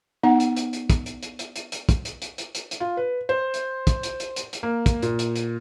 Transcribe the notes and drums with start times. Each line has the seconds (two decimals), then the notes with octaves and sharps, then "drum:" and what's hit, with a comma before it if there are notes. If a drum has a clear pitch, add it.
0.23 B3 D#4 F#5
0.40 drum: hi-hat
0.57 drum: hi-hat
0.73 drum: hi-hat
0.90 drum: kick, hi-hat
1.06 drum: hi-hat
1.23 drum: hi-hat
1.39 drum: hi-hat
1.56 drum: hi-hat
1.72 drum: hi-hat
1.89 drum: kick, hi-hat
2.05 drum: hi-hat
2.22 drum: hi-hat
2.38 drum: hi-hat
2.55 drum: hi-hat
2.71 drum: hi-hat
2.80 F4
2.97 B4
3.29 C5
3.54 drum: hi-hat
3.87 drum: kick, hi-hat
4.03 drum: hi-hat
4.20 drum: hi-hat
4.36 drum: hi-hat
4.53 drum: hi-hat
4.63 A#3
4.86 drum: kick, hi-hat
5.02 A#2, drum: hi-hat
5.19 drum: hi-hat
5.36 drum: hi-hat